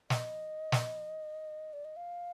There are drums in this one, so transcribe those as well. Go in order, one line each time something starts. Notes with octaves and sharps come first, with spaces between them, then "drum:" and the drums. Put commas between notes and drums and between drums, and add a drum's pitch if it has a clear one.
D#5, drum: snare
drum: snare
D5
D#5
F5